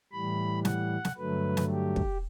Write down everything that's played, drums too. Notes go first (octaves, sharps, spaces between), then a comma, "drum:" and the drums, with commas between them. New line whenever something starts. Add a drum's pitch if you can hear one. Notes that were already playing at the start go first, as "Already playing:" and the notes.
A2 E3 G3 B5
F#5, drum: snare
drum: snare
G2 D3 F#3 A3 B4
drum: snare
G4
drum: kick